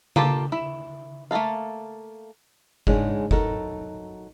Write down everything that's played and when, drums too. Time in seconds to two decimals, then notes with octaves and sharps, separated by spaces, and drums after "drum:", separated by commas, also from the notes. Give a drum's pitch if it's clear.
0.16 A#3 F4 G4 A4 A5, drum: tom C#3
0.52 E4 E5
1.31 A3 A#3 F4 A4 F5
2.87 G#2 C#3 G#3 C#4 D4, drum: kick F#1
3.31 F#3 D#4 F#4 A4 A#4, drum: kick F#1